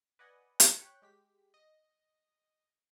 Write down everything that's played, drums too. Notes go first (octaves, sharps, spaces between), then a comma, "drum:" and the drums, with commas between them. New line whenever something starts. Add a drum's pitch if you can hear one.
B4 D5 D#5 F#5 G#5
drum: hi-hat
C#5 G5 F#6 B6 C#7
G#3 G4 B6
D#5